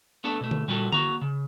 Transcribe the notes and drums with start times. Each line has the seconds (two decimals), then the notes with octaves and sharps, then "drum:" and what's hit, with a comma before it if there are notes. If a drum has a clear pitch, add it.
0.24 A3 B3 D4 A4
0.41 B2 A3
0.51 drum: tom D3
0.68 A#2 G3 F4 F#4 A4
0.92 A#3 F#4 A#5, drum: tom D3
1.21 C#3